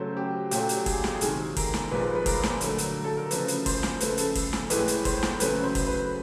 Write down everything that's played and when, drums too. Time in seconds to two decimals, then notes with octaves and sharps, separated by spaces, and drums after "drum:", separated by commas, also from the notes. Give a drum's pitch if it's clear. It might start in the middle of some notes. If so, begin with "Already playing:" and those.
Already playing: C#3 F#3 A3 C5
0.17 G4
0.51 A#2 F#3 A3 G4, drum: hi-hat
0.69 drum: hi-hat
0.86 G#4, drum: kick, open hi-hat
1.04 drum: snare
1.15 G#4
1.21 C3 D#3 G#3 A4, drum: hi-hat
1.57 A#4, drum: kick, open hi-hat
1.74 drum: snare
1.91 A#2 F3 G#3 B4
2.15 B4
2.26 A#4, drum: kick, open hi-hat
2.43 drum: snare
2.61 D3 F#3 A3, drum: hi-hat
2.78 drum: hi-hat
3.04 A4
3.17 A#4
3.31 C#3 F3 A3 B4, drum: hi-hat
3.48 drum: hi-hat
3.66 C5, drum: kick, open hi-hat
3.83 drum: snare
4.00 C#3 F3 A3 B4, drum: hi-hat
4.18 A4, drum: hi-hat
4.35 drum: kick, open hi-hat
4.53 drum: snare
4.70 A2 E3 G#3 B4, drum: hi-hat
4.88 drum: hi-hat
5.05 C5, drum: kick, open hi-hat
5.23 drum: snare
5.40 C#3 F#3 A3 B4, drum: hi-hat
5.63 C5
5.75 drum: kick, open hi-hat
5.87 B4